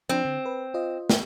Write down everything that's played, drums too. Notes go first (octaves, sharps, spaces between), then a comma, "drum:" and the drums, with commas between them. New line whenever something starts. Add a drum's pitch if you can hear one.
F3 C4 D4
D3
B4
F4 C5 D#5
drum: snare